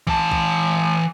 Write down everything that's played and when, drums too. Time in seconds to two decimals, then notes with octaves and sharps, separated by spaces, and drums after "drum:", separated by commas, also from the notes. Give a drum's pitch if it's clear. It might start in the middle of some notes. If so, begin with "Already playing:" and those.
0.07 E3 A5, drum: kick B1
0.31 drum: kick B1